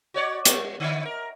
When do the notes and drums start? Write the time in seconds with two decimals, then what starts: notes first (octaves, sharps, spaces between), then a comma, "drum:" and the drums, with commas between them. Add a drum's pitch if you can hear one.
0.14 F#4 C#5 D5
0.45 G3, drum: hi-hat
0.80 D3 D#4
1.05 A#4